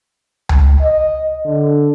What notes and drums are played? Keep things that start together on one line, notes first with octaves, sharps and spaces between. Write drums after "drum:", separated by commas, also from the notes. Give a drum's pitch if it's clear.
drum: tom C#2
D#5
D3